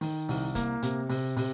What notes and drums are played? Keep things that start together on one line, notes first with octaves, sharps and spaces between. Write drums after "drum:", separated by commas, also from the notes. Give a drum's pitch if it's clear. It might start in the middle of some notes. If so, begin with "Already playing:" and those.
D#3, drum: open hi-hat
C2, drum: open hi-hat
A#3, drum: kick, hi-hat
C3, drum: hi-hat
C3, drum: open hi-hat
C3, drum: open hi-hat